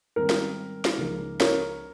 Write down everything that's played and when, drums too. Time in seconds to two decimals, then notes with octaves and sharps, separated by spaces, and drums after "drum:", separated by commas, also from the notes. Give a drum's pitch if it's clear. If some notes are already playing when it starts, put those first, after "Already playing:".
0.16 G#2 D#3 G3 C4 A#4
0.30 drum: snare
0.85 drum: snare
0.98 C#2 C#3 F3 A#3 D#4
1.40 A#4 C#5, drum: snare